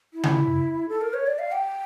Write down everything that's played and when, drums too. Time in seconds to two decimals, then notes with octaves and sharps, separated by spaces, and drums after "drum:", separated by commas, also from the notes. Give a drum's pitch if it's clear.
0.14 E4
0.23 drum: tom C#3
0.89 A4
1.01 A#4
1.14 C#5
1.27 D5
1.39 F5
1.52 G5